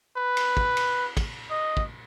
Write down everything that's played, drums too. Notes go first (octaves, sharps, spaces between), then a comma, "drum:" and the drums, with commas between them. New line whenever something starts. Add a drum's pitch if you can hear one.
B4
drum: cymbal
drum: kick
drum: cymbal
drum: kick, cymbal
D#5
drum: kick